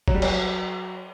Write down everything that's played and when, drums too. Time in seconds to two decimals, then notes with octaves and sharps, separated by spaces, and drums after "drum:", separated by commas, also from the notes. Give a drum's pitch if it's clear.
0.08 F#3, drum: kick
0.15 G3
0.22 F#3, drum: cymbal